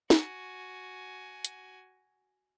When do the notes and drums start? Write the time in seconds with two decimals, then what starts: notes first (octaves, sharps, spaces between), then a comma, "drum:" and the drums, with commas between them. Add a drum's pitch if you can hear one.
0.10 F#4 G#5, drum: snare
1.45 drum: hi-hat